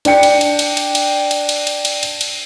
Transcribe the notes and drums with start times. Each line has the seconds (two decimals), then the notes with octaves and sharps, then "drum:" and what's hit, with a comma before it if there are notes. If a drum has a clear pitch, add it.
0.05 D4 G5 C#7, drum: cymbal
0.23 drum: cymbal
0.41 drum: cymbal
0.59 drum: cymbal
0.77 drum: cymbal
0.95 drum: cymbal
1.31 drum: cymbal
1.49 drum: cymbal
1.67 drum: cymbal
1.85 drum: cymbal
2.03 drum: cymbal
2.21 drum: cymbal